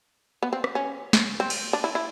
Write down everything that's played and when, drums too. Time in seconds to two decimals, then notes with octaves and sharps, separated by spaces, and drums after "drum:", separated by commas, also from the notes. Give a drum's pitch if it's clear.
0.43 B3
0.53 C4
0.64 drum: rim click
0.75 C#4
1.13 drum: snare
1.40 C4
1.50 drum: cymbal
1.73 D4
1.84 E4
1.95 E4